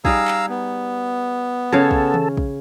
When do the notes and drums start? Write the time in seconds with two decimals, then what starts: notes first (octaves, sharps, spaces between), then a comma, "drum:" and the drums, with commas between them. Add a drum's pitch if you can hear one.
0.05 G3 D#4 G#4 F5 A#5 E6, drum: kick
0.28 drum: clap
0.49 B3
1.73 C#3 A4 C#5 F5
1.91 drum: kick
2.14 drum: tom D#3
2.37 drum: kick